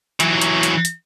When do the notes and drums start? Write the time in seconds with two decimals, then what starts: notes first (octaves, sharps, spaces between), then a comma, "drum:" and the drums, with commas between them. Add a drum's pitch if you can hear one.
0.20 E3 F#3, drum: hi-hat
0.41 drum: hi-hat
0.63 drum: hi-hat
0.85 drum: hi-hat